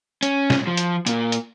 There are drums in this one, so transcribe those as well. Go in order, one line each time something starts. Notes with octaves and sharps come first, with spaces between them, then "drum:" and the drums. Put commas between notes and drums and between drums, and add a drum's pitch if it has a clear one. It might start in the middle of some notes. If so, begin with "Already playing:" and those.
C#4, drum: hi-hat
drum: snare
F3
drum: hi-hat
A#2 A#3, drum: hi-hat
drum: hi-hat